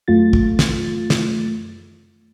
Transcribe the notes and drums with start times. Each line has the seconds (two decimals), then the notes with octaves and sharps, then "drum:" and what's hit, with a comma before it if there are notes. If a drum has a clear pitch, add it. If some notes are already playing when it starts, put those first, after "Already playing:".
0.08 F#2 A3 F4 A6
0.33 drum: kick
0.59 drum: snare
1.10 drum: snare